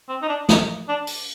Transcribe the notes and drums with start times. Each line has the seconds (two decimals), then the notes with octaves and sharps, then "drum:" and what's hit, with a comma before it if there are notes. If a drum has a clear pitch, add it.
0.09 C4
0.22 D#4
0.29 D4
0.49 D#4, drum: snare
0.88 D4
1.07 drum: open hi-hat